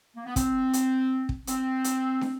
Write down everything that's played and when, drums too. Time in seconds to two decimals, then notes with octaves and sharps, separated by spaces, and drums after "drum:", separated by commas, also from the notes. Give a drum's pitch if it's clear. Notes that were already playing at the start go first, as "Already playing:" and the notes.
0.16 A#3
0.26 B3
0.36 C4, drum: kick, hi-hat
0.73 drum: hi-hat
1.29 drum: kick
1.47 C4, drum: hi-hat
1.84 drum: hi-hat
2.21 drum: snare